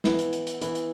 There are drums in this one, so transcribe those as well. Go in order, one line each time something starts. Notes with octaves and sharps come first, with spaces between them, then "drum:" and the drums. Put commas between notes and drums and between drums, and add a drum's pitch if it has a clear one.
E3 B3 E4, drum: snare
drum: hi-hat
drum: hi-hat
drum: hi-hat
E3 B3 E4, drum: hi-hat
drum: hi-hat